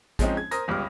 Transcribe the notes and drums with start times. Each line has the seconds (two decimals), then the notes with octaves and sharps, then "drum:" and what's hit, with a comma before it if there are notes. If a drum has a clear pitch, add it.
0.19 F3 G#3 C4 C#4 D#4, drum: kick A1, hi-hat
0.37 G#6
0.51 A#4 C5 D#6 A#6, drum: hi-hat
0.68 G1 C#2 G3 D6 F6